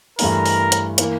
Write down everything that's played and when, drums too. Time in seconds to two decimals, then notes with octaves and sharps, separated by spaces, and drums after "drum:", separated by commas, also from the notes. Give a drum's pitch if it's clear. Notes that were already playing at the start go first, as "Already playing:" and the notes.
0.19 G2 E3 A3 E4 A#4, drum: open hi-hat
0.46 drum: open hi-hat
0.72 drum: hi-hat
0.98 E3 A#3, drum: hi-hat